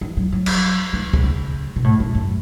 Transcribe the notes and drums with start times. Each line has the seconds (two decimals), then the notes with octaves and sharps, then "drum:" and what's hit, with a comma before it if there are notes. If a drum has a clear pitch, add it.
0.01 E3
0.17 F#3
0.32 F#3
0.46 drum: cymbal
0.93 E3
1.14 drum: kick
1.24 C#3
1.76 B2
1.84 A2
2.00 F#2
2.15 F#2